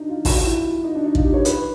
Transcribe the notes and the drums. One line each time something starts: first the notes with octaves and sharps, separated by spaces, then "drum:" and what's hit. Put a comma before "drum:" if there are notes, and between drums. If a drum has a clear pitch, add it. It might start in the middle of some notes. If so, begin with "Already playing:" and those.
Already playing: D4 D#4
F4
F#4, drum: kick, open hi-hat
F4
E4
D#4
D4
D#4
F4, drum: kick
G4
C#5
B4, drum: hi-hat